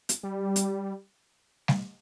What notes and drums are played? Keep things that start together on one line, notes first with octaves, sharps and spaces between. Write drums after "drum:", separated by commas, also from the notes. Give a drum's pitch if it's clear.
drum: hi-hat
G3
drum: hi-hat
drum: snare